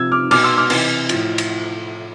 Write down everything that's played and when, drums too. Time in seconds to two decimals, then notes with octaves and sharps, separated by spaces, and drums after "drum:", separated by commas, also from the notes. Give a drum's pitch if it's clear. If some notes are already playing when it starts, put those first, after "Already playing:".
Already playing: C3 F3 E6 G#6
0.12 D6 F6
0.31 B2 D6 F6, drum: cymbal
0.44 C6 E6
0.57 D6 F6
0.70 C3 E3, drum: cymbal
1.09 A2 F3, drum: cymbal
1.38 drum: cymbal